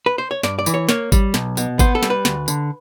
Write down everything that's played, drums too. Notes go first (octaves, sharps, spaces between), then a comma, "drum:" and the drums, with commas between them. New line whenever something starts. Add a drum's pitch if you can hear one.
B4
C5
C#5
G2 D5, drum: snare
D5
E3, drum: tambourine
C#5
A#3 C#5, drum: snare
G3, drum: kick G#1, tambourine
B1, drum: snare
B2, drum: tambourine
B3 C5, drum: kick G#1, tambourine
A4
G3, drum: snare
B4
D2, drum: snare
D3, drum: tambourine